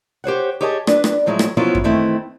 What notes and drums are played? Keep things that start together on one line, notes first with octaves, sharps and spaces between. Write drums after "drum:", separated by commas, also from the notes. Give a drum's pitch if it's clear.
G4 C5 C#5 F#5
G4 G#4 C#5 D#5 E5 A5
D4 B4, drum: rim click
drum: rim click
A2 F3 F#3 G#3 E4 F#4
drum: rim click
F3 F#3 B3 C#4 E4 F4
drum: kick F#2
D#3 E3 A3 C4 E4